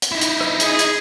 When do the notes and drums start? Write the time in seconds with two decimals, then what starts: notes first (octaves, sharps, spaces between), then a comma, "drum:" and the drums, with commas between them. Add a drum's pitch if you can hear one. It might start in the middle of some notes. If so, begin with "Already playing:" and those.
0.02 drum: hi-hat
0.12 D#4 E4
0.21 drum: hi-hat
0.40 drum: rim click
0.60 G#4, drum: hi-hat
0.79 drum: hi-hat